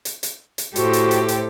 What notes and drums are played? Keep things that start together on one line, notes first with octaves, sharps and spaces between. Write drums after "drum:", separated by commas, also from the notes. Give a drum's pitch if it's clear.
drum: hi-hat
drum: hi-hat
drum: hi-hat
A2 F#4 G4 A4 C5, drum: hi-hat
drum: hi-hat
drum: hi-hat
drum: hi-hat